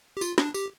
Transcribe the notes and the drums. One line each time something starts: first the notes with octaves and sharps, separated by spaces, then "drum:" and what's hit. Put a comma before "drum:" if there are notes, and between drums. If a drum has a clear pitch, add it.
G4
F4, drum: tambourine
D4, drum: snare
G4, drum: tambourine